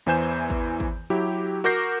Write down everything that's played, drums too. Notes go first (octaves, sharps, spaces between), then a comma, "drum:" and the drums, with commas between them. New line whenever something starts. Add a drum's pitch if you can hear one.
E2 E3 C5 G#5 G6 E7
drum: kick G#1
drum: kick G#1
F#3 E4 G4
F#4 A#4 D6 G6 A#6 C7